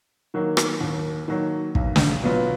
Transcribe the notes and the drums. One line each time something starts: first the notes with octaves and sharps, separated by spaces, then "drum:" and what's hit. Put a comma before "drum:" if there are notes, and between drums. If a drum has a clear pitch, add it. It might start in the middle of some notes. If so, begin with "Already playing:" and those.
D#3 F#3 A#3
drum: rim click
D#2
D#3 F#3 A#3
B1, drum: kick
drum: snare
B2 F#3 B3 F4